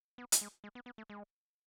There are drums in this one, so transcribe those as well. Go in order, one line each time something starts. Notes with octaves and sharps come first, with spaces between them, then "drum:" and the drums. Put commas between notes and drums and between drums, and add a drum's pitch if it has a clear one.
B3
drum: hi-hat
G#3
G#3
B3
B3
A3
G#3